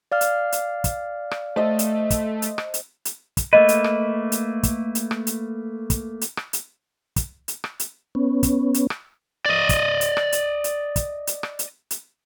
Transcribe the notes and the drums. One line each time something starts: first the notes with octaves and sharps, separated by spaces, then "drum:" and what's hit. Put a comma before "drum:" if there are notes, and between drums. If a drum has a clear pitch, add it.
D5 F5 F6
drum: hi-hat
drum: hi-hat
drum: kick, hi-hat
drum: rim click
A3 C5 D#5 A5
drum: hi-hat
drum: kick, hi-hat
drum: hi-hat
drum: rim click
drum: hi-hat
drum: hi-hat
drum: kick, hi-hat
A3 A#3 B4 D#5
drum: hi-hat
drum: rim click
drum: hi-hat
drum: kick, hi-hat
drum: hi-hat
drum: rim click
drum: hi-hat
drum: kick, hi-hat
drum: hi-hat
drum: rim click
drum: hi-hat
drum: kick, hi-hat
drum: hi-hat
drum: rim click
drum: hi-hat
B3 C#4
drum: kick, hi-hat
drum: hi-hat
drum: rim click
D5 D#5
drum: kick, hi-hat
drum: hi-hat
drum: rim click
drum: hi-hat
drum: hi-hat
drum: kick, hi-hat
drum: hi-hat
drum: rim click
drum: hi-hat
drum: hi-hat